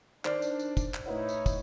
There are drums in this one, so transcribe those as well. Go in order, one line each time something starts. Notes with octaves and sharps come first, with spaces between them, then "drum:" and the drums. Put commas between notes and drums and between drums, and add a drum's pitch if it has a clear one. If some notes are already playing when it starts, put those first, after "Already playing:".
D#3 D4 C5 D5 F6, drum: clap
drum: tambourine
drum: tambourine
drum: kick, tambourine
drum: clap
A2 D#4 E4 B4 C#5 F#5
drum: tambourine
drum: kick, tambourine